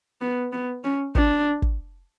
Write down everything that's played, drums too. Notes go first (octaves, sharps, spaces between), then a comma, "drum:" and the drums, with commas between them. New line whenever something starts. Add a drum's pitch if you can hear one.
B3
B3
C#4
D4, drum: kick
drum: kick